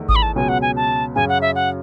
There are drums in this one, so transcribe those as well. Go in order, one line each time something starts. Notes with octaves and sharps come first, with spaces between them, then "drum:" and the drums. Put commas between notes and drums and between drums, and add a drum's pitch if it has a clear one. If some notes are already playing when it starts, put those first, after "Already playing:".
Already playing: E2 D#3 A3 D#4
D#6, drum: kick G#1
B5
A5
C#2 B2 F#3 C#4 G#5
F#5
G#5
A5
F#2 C#3 F#3 C#4 G#5
F#5
E5
F#5